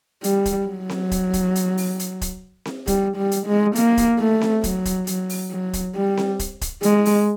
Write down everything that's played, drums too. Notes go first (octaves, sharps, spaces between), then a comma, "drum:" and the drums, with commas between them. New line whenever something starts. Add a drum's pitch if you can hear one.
G3, drum: hi-hat
drum: kick, hi-hat
F#3
drum: snare C4
drum: kick, hi-hat
drum: kick, hi-hat
drum: hi-hat
drum: open hi-hat
drum: hi-hat
drum: kick, hi-hat
drum: snare C4
G3, drum: kick, hi-hat
G3
drum: hi-hat
G#3
A#3, drum: hi-hat
drum: kick, hi-hat
A3
drum: snare C4
F#3, drum: kick, hi-hat
drum: kick, hi-hat
F#3, drum: hi-hat
drum: open hi-hat
F#3
drum: kick, hi-hat
G3
drum: snare C4
drum: kick, hi-hat
drum: kick, hi-hat
G#3, drum: hi-hat
drum: open hi-hat